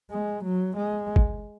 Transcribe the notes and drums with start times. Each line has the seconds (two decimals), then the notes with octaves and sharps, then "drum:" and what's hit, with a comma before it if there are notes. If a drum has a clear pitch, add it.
0.11 G#3
0.45 F#3
0.77 G#3
1.16 drum: kick